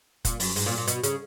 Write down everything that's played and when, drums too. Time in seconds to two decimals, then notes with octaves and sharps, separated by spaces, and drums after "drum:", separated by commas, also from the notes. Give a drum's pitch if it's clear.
0.25 A#2, drum: kick F1, hi-hat
0.40 F#2, drum: open hi-hat
0.56 G#2, drum: open hi-hat
0.66 A#2
0.78 A#2
0.87 B2, drum: hi-hat
1.03 C#3, drum: hi-hat